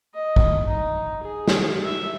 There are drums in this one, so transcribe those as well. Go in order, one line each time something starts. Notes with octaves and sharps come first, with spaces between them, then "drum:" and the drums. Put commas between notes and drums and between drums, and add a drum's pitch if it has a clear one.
D#5
drum: kick
D#4
G#4
drum: snare
E5